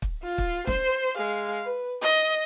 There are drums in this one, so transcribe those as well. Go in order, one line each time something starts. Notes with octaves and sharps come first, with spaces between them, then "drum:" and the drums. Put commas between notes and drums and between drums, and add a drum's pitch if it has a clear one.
drum: kick
F4
drum: kick
C5, drum: snare
G#3 F5
B4
D#5